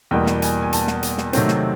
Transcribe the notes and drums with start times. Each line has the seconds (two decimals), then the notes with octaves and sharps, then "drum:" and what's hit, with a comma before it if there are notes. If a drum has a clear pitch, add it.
0.11 E2 B2 G3 A#3 G5
0.27 drum: snare
0.42 G#5, drum: hi-hat
0.62 G#5
0.73 A5, drum: hi-hat
0.87 drum: snare
1.03 drum: hi-hat
1.18 drum: snare
1.33 C3 D#3 F#3 A3 C4, drum: hi-hat
1.48 drum: snare